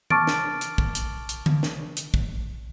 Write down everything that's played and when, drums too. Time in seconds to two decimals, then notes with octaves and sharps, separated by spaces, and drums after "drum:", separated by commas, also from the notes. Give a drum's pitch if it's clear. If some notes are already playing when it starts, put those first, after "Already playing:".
0.10 A5 C#6 D6 F6 A6 D7, drum: tom D#3
0.27 drum: snare
0.61 drum: hi-hat
0.78 drum: kick
0.95 drum: hi-hat
1.29 drum: hi-hat
1.46 drum: tom D3
1.63 drum: snare
1.97 drum: hi-hat
2.14 drum: kick